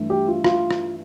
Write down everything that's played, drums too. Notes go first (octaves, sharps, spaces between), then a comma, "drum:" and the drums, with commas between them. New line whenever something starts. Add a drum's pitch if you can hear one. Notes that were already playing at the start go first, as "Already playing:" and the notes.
Already playing: G2 E3 A3
G4
F4
F4, drum: rim click
drum: rim click